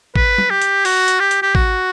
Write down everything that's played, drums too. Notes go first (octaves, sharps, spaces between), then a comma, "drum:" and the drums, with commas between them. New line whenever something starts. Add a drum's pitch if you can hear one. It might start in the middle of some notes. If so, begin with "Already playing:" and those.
B4, drum: kick
drum: tom
G4
drum: hi-hat
F#4, drum: open hi-hat
drum: hi-hat
G4
drum: hi-hat
G4
F#4, drum: kick